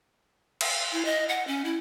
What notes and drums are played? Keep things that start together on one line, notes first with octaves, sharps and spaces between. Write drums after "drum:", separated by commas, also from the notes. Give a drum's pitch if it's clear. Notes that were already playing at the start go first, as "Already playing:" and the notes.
drum: cymbal
E4
D#5
F#5
C#4
E4